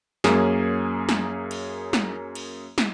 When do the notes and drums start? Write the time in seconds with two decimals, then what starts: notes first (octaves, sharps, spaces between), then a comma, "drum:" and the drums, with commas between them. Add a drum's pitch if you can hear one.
0.24 F#2 A#3 C#4 G#4, drum: snare
1.09 drum: snare
1.51 drum: cymbal
1.93 drum: snare
2.35 drum: cymbal
2.78 drum: snare